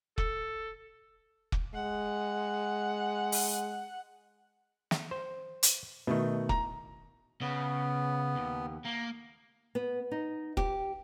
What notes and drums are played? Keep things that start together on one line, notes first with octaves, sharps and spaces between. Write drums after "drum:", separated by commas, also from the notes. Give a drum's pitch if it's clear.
A4, drum: kick
drum: kick
G#3 F#5
drum: open hi-hat
drum: snare
C5
drum: hi-hat
B2 D#3 A3
A#5, drum: kick
C#3 B3
D#2
A#3
B3
D#4
G4, drum: kick